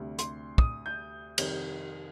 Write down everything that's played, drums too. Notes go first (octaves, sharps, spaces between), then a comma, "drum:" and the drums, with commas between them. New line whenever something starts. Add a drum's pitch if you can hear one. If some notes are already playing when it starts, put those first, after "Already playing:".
Already playing: D2 C3 G3
C6, drum: hi-hat
D#6, drum: kick
G6
F2 C3 D#3 G3, drum: cymbal